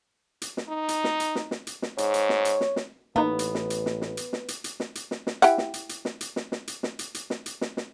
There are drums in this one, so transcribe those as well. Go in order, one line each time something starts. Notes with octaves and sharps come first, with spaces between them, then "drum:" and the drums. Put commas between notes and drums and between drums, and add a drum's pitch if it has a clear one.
drum: hi-hat
drum: snare
D#4
drum: hi-hat
drum: snare
drum: hi-hat
drum: snare
drum: snare
drum: hi-hat
drum: snare
G#2 C#5, drum: hi-hat
drum: hi-hat
drum: snare
drum: hi-hat
drum: snare
drum: snare
A1 A#3 B3 D#4
drum: hi-hat
drum: snare
drum: hi-hat
drum: snare
drum: snare
drum: hi-hat
drum: snare
drum: hi-hat
drum: hi-hat
drum: snare
drum: hi-hat
drum: snare
drum: snare
E4 G4 F#5, drum: hi-hat
drum: snare
drum: hi-hat
drum: hi-hat
drum: snare
drum: hi-hat
drum: snare
drum: snare
drum: hi-hat
drum: snare
drum: hi-hat
drum: hi-hat
drum: snare
drum: hi-hat
drum: snare
drum: snare